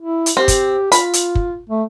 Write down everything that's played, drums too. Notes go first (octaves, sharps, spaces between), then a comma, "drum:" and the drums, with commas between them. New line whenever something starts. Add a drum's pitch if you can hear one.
E4
drum: hi-hat
C4 G4
drum: kick, hi-hat
F4 B5, drum: hi-hat
drum: hi-hat
drum: kick
A3